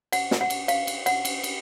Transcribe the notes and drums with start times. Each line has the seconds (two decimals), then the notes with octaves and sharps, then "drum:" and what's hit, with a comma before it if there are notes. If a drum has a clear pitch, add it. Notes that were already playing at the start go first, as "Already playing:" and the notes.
0.12 F#5, drum: cymbal
0.31 drum: snare
0.41 F#5
0.50 drum: cymbal
0.68 F5, drum: cymbal
0.87 drum: cymbal
1.06 F#5, drum: cymbal
1.25 drum: cymbal
1.43 drum: cymbal